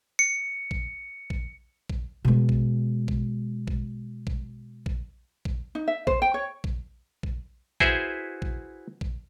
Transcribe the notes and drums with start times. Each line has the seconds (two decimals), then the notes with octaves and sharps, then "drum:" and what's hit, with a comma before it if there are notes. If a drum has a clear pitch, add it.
0.19 C#7
0.71 drum: kick A#1
1.30 drum: kick A#1
1.90 drum: kick A#1
2.25 B2 G#3
2.49 drum: kick A#1
3.08 drum: kick A#1
3.67 drum: kick A#1
4.27 drum: kick A#1
4.86 drum: kick A#1
5.45 drum: kick A#1
5.75 D#4
5.88 E5
6.07 C5, drum: kick A#1
6.22 G5
6.34 C#5
6.64 drum: kick A#1
7.23 drum: kick A#1
7.80 E4 F#4 G#4 B4 C5 E5, drum: kick A#1
8.42 drum: kick A#1
9.01 drum: kick A#1